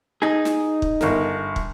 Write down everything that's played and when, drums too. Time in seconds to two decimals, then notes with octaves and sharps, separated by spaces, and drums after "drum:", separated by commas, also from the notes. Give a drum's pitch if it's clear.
0.22 D#4 G#4
0.45 drum: snare
0.82 drum: kick
1.01 G1 A#4, drum: snare
1.56 drum: kick